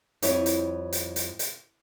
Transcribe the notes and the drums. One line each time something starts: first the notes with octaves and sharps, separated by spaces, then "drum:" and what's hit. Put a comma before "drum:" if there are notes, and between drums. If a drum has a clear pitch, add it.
F2 G3 E4 C#5, drum: hi-hat
drum: hi-hat
drum: hi-hat
drum: hi-hat
drum: hi-hat